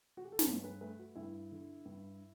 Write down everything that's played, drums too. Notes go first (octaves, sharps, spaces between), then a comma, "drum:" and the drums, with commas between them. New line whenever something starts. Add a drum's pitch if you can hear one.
F#4
G4
A4
B4, drum: snare
G2 C#5
B4
A3 B4
F#4
G2 E4
D3
G2